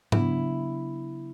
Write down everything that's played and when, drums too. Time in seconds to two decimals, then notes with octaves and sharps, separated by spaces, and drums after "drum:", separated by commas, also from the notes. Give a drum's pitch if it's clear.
0.12 C#3 F#3 B3 D4 E4, drum: tom G#2